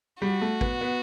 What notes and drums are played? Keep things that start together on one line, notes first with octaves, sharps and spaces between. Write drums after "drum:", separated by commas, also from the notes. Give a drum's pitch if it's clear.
G3 F#4
A3
B3, drum: kick G#1
B3